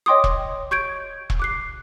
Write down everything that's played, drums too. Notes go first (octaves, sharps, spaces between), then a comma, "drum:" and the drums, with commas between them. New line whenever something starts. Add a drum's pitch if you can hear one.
C#5 D#5 G5 C6 D6 D#6
drum: kick E1
C#6 G6 G#6 D7
drum: kick E1
D6 F#6 C7